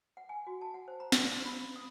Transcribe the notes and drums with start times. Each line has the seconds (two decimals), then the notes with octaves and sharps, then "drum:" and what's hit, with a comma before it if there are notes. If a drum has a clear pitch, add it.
0.17 F#5
0.29 G#5
0.47 F#4
0.61 A5
0.74 F#5
0.88 C5
1.00 A#5
1.12 C6, drum: snare
1.25 D5
1.45 B5
1.76 D#6